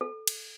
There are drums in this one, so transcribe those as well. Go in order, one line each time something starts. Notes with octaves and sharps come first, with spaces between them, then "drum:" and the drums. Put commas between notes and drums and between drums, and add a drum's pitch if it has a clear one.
A4
drum: cymbal